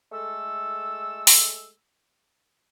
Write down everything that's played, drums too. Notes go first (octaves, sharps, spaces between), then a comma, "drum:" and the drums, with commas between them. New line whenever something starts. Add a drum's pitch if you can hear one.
G#3 A3 A4 E6
drum: open hi-hat